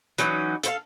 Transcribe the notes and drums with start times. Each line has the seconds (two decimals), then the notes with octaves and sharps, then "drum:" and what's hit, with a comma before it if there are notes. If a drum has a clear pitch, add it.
0.18 E3 F#3 C#4 D#4, drum: hi-hat
0.63 A4 C5 F5, drum: hi-hat